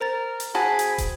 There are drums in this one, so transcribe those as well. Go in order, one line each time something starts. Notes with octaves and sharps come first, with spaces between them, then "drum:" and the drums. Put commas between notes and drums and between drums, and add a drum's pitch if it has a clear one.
A#4 C5 A#5 A6
drum: hi-hat
C4 F#4 G#4 G#5 A5 B5
drum: hi-hat
drum: kick, hi-hat